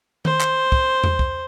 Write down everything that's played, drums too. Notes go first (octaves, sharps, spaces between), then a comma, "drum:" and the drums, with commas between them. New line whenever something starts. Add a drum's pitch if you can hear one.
C5, drum: tom D#3
drum: clap
drum: kick
drum: tom E2
drum: kick